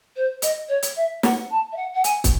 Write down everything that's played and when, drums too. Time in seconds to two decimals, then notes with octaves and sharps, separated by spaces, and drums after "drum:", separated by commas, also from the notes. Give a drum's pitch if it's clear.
0.16 C5
0.42 D#5, drum: hi-hat
0.68 C#5
0.82 drum: hi-hat
0.96 E5
1.23 F#5, drum: snare
1.50 A5
1.72 E5
1.76 F#5
1.93 F#5
2.04 G#5, drum: hi-hat
2.24 drum: kick, hi-hat